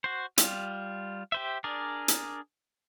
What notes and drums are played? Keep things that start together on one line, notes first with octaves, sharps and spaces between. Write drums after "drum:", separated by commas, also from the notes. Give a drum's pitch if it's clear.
F#4 C5
G3 F4, drum: hi-hat
G4 C5 E5
D4 G#4 A#4 D5
drum: hi-hat